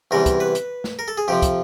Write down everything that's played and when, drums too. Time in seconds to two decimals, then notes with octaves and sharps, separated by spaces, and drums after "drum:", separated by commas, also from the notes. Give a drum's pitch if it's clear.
0.11 E2 C3 E3 G3 A#4
0.26 drum: kick, hi-hat
0.40 B4
0.55 drum: hi-hat
0.84 drum: snare
0.99 A#4
1.08 A4
1.18 G#4
1.28 F2 C3 F3 G4
1.42 drum: kick, hi-hat